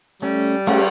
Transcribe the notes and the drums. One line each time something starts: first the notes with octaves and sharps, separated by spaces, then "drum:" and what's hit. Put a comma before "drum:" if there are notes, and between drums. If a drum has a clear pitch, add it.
G3 A3 C#4
A3 C#4, drum: cymbal